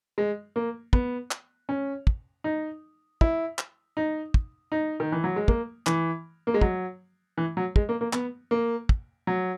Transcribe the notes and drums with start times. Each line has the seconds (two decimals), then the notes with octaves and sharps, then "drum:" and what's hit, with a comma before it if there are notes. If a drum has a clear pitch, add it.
0.18 G#3
0.56 A#3
0.93 B3, drum: kick
1.31 drum: clap
1.69 C#4
2.07 drum: kick
2.44 D#4
3.21 E4, drum: kick
3.58 drum: clap
3.97 D#4
4.34 drum: kick
4.72 D#4
5.00 D#3
5.12 E3
5.24 F#3
5.36 G#3
5.48 A#3, drum: kick
5.86 E3, drum: clap
6.47 A#3
6.54 G#3
6.61 F#3, drum: kick
7.37 E3
7.57 F#3
7.76 G#3, drum: kick
7.89 A#3
8.01 A#3
8.13 B3, drum: clap
8.51 A#3
8.89 drum: kick
9.27 F#3